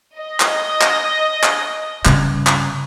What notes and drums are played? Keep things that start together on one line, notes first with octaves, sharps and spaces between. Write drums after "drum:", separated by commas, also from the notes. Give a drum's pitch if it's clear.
D#5
drum: clap
drum: clap
drum: clap
G2 C#3, drum: clap
drum: clap